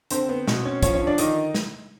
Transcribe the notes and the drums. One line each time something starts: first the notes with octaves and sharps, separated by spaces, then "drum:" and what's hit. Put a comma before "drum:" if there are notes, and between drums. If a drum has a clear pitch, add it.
D3 C4 C5, drum: hi-hat
B3
B2, drum: snare
C#4
F3 C#4 C#5, drum: kick, hi-hat
C#4 C#5
D3
D4 D5
D#3 D#4 D#5, drum: hi-hat
drum: snare